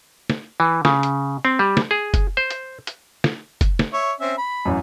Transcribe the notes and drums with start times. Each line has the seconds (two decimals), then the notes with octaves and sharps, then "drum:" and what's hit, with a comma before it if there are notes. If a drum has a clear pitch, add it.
0.30 drum: snare
0.60 E3
0.85 C#3, drum: snare
1.03 drum: hi-hat
1.45 C4
1.59 G3
1.77 drum: snare
1.91 G#4
2.14 drum: kick, hi-hat
2.37 C5
2.50 drum: hi-hat
2.87 drum: hi-hat
3.24 drum: snare
3.61 drum: kick, hi-hat
3.79 drum: snare
3.93 C#5 E5
4.20 C4 C#4 E5
4.38 B5
4.65 A1 F#2